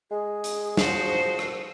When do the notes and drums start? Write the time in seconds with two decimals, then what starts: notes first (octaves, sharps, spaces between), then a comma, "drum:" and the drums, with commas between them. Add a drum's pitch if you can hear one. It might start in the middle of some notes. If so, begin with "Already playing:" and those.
0.11 G#3 G#4
0.44 drum: hi-hat
0.77 F3 F#4 C5, drum: snare
1.39 drum: rim click